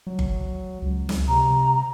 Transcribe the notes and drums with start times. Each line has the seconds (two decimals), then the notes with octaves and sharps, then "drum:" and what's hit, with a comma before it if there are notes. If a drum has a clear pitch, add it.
0.07 F#3
0.19 drum: kick G1
0.82 C#2
1.09 drum: snare
1.28 C3 A#5